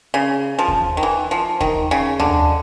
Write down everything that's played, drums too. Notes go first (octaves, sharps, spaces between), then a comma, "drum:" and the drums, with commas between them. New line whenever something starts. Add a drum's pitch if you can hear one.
C#3
F3
drum: kick D#2
D#3
E3
F3
D#3, drum: kick D#2
C#3
D3, drum: tom D#2